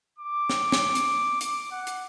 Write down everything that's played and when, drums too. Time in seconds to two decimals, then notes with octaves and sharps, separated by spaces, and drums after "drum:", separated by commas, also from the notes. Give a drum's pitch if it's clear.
0.19 D6
0.50 drum: snare
0.72 drum: snare
0.95 drum: hi-hat
1.41 D6, drum: hi-hat
1.71 F#5
1.87 drum: hi-hat